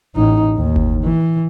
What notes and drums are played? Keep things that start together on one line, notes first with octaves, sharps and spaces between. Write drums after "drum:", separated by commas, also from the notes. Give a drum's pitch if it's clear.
A1 D#4
D#2
drum: kick G1
E3